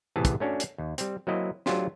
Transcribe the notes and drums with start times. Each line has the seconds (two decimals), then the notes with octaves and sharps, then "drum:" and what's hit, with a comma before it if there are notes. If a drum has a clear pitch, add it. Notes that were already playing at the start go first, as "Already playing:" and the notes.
0.16 A2 C3 E3 B3 G#4 A5
0.25 drum: kick, hi-hat
0.40 A3 C#4 D4 F#4
0.60 drum: hi-hat
0.78 D#2
0.98 G3 C4, drum: hi-hat
1.27 F#3 A#3 C4 E4 D#5
1.66 F#3 A3 D4 F4 G4 C5, drum: snare